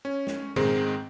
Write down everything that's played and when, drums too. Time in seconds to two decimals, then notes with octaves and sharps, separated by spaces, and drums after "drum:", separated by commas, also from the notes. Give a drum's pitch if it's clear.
0.05 C#4
0.27 drum: snare
0.56 G#2 D#3 G#3 C4, drum: tom A#2